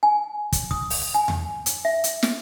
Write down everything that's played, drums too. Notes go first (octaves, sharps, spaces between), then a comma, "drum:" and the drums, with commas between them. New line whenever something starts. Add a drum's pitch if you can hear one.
G#5
drum: kick, hi-hat
D#6, drum: kick
drum: open hi-hat
G#5
drum: tom E2
drum: hi-hat
E5
drum: hi-hat
drum: snare